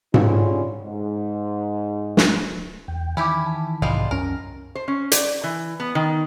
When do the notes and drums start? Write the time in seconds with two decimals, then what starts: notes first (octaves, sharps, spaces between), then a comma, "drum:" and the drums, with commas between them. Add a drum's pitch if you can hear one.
0.14 D3 G3 C#4 D#4 F4 G#4, drum: tom G#2
0.82 G#2
2.17 drum: snare
2.88 E2 G5
3.17 D#3 E3 C#4 E4 G4 B5 D6
3.46 A5
3.82 B1 G#2 C3 G3 G#3 F4
4.11 C2 F#2 C#4 A#4
4.75 C5
4.88 C#4
5.12 D5, drum: hi-hat
5.44 E3
5.80 B3
5.95 D#3